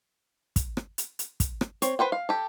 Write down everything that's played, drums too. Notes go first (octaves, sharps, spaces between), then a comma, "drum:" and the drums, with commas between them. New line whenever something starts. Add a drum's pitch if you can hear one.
drum: kick, hi-hat
drum: rim click
drum: hi-hat
drum: hi-hat
drum: kick, hi-hat
drum: rim click
C4 C#5, drum: hi-hat
B4 C5 F#5 G5
F5
G4 A4